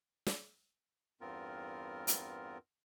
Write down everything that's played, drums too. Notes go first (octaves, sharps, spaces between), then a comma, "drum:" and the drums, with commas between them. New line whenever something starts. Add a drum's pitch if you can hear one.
drum: snare
E2 G2 B3 C4 F4 A#4
drum: hi-hat